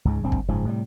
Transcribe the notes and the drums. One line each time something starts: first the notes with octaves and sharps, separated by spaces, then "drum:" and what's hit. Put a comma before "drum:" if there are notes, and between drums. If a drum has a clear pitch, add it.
C#2 G#2 C#3
D1 G2 C4
drum: kick
F#1 G#2 C#3 F3
A2 C3 F#3 G3